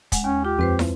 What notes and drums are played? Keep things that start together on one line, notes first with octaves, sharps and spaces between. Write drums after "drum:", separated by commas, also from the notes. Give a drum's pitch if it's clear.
G#3 F#5 G#5, drum: kick, hi-hat
D#2 C#4
F4 G4
F2 C4 B4 C5
drum: snare